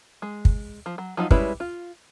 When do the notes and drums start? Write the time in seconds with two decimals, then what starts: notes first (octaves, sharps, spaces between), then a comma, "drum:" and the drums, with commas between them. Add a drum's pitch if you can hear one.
0.22 G#3
0.45 drum: kick
0.86 F3
0.98 F#3
1.17 F3 F#3 D#4 F4
1.31 G3 G#3 C#4 E4 B4, drum: kick
1.60 F4